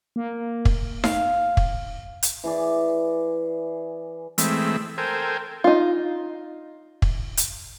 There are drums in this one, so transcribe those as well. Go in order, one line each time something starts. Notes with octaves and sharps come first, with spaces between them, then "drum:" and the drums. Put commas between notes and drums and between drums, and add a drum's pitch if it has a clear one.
A#3
drum: kick
F5, drum: snare D#4
drum: kick
drum: hi-hat
E3 G#4 D5
E3 G#3 A3 C4 E5, drum: hi-hat
A4 A#4 C5 G5 G#5
D#4 F4
drum: kick
drum: hi-hat